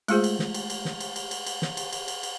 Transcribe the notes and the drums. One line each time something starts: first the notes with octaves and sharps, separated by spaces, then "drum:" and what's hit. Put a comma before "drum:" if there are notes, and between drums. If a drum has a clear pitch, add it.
G#3 A3 F4 G#4 C5, drum: cymbal
drum: cymbal
drum: snare
drum: cymbal
drum: cymbal
drum: snare
drum: cymbal
drum: cymbal
drum: cymbal
drum: cymbal
drum: snare
drum: cymbal
drum: cymbal
drum: cymbal
drum: cymbal